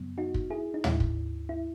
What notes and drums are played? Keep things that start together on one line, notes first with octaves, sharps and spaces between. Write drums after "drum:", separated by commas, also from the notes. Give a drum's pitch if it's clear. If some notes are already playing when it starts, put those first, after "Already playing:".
Already playing: F#2 C#3 F#3 B3
D#4 F#4
drum: kick
E4 G#4
D#4
E4, drum: tom
drum: kick
E4